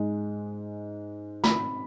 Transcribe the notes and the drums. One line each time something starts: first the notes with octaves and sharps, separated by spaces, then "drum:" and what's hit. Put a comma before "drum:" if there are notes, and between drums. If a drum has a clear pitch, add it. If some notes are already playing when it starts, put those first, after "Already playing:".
Already playing: G#2 G#3
B5, drum: snare